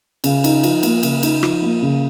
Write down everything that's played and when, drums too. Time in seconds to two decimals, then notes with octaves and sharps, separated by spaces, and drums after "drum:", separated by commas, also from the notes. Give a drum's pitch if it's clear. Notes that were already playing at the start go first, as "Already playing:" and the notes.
0.24 C#3, drum: cymbal
0.44 D#4, drum: cymbal
0.64 F3, drum: cymbal
0.83 A#3, drum: cymbal
1.03 C#3, drum: cymbal
1.23 D#4, drum: cymbal
1.43 F3, drum: rim click
1.62 A#3
1.82 C#3